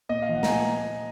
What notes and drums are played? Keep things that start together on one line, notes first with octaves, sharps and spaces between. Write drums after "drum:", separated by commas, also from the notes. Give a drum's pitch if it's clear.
A#2 D#5
F5
F3
F#5
A#5, drum: snare
A#2 G#5